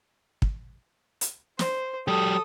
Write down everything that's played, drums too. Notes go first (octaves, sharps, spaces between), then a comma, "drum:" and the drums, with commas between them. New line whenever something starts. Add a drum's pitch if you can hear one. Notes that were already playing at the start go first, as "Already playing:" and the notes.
drum: kick
drum: hi-hat
C5, drum: snare
F#3 G4 A4 D#6